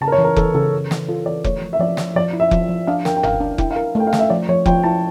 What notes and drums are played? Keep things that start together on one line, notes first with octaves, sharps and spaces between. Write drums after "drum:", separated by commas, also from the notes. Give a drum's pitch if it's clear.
C#3 A5
A#4
C#5
E3
A#4
E3 A4, drum: kick F1
C#3 A4
E3
E3, drum: snare
F4 A4
E3 D5
A3 C#5, drum: kick F1
F3
E5
F3 D5
F3, drum: snare
F3 D5
E4
E5
F3, drum: kick F1
F3
D4 F5
A#4 G5, drum: snare
G5
A#4 F5, drum: tom F#1
D4 G5
E4 G5, drum: kick F1
F5
A#4
A3 G5
F5
A3, drum: snare
E5
F3 D5
F3 C#5
F3 G5, drum: kick F1
E4 A5